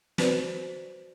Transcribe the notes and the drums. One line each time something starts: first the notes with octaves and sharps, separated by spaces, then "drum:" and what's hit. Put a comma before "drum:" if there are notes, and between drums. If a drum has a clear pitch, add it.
F#4 B4 C5 D5, drum: snare